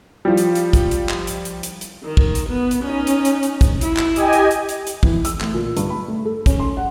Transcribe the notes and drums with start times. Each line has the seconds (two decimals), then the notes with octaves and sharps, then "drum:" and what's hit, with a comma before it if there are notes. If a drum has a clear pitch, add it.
0.25 F3 G3
0.37 drum: hi-hat
0.55 drum: hi-hat
0.73 drum: kick, hi-hat
0.91 drum: hi-hat
1.09 drum: clap
1.27 drum: hi-hat
1.45 drum: hi-hat
1.63 drum: hi-hat
1.81 drum: hi-hat
2.03 D#3
2.17 drum: kick
2.35 drum: hi-hat
2.49 B3
2.71 drum: hi-hat
2.83 C#4 D#4
3.07 drum: hi-hat
3.25 drum: hi-hat
3.43 drum: hi-hat
3.61 drum: kick, hi-hat
3.81 E4, drum: hi-hat
3.97 drum: clap
4.16 G4 D#5 G#5, drum: hi-hat
4.33 drum: hi-hat
4.51 drum: hi-hat
4.69 drum: hi-hat
4.87 drum: hi-hat
5.03 E3, drum: kick
5.25 E6, drum: hi-hat
5.41 A3, drum: clap
5.54 A#2
5.77 G2, drum: hi-hat
5.90 B5
6.08 A3
6.25 A4
6.46 C#4, drum: kick, hi-hat
6.60 C6
6.77 F#5